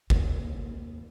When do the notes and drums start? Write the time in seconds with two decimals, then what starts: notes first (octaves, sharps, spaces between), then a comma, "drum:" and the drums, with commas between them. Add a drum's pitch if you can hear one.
0.10 D#2, drum: kick